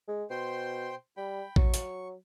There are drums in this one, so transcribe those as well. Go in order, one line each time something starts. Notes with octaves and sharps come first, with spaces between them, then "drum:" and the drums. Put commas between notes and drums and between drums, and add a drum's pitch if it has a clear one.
G#3
B2 C5 G5 C6
G3 G5 B5
F#3 C#6, drum: kick A#1
drum: hi-hat